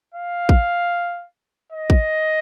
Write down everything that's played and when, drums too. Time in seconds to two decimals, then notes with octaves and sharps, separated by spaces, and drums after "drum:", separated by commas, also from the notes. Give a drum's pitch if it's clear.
0.14 F5
0.49 drum: kick
1.73 D#5
1.90 drum: kick